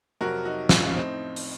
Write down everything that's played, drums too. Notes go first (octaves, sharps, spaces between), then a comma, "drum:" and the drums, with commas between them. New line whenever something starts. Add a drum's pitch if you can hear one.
F2 C3 F#3 F#4 A#4
D#4 F#4
C#4 F4, drum: snare
F4
A2 F3 C4 D#4
drum: open hi-hat